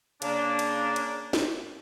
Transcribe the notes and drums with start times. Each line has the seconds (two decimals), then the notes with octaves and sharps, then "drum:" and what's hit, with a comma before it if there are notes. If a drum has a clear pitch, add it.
0.22 C#3 A#3 D4, drum: cymbal
0.59 drum: cymbal
0.96 drum: cymbal
1.33 drum: snare